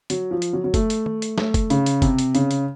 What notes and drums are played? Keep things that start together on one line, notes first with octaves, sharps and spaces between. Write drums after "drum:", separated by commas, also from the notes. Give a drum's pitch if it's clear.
F#3, drum: hi-hat
F3
drum: hi-hat
F#3
F#3
A3, drum: kick F#1, hi-hat
drum: hi-hat
drum: tom
drum: hi-hat
A3, drum: snare
drum: kick F#1, hi-hat
C#3, drum: hi-hat
drum: hi-hat
C3, drum: kick F#1, hi-hat
drum: hi-hat
C#3, drum: hi-hat
drum: hi-hat